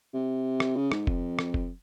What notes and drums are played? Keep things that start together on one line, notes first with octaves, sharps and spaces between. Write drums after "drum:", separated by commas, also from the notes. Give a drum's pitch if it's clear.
C3
drum: rim click
C#3
G#2, drum: rim click
F2, drum: kick F1
drum: rim click
drum: kick F1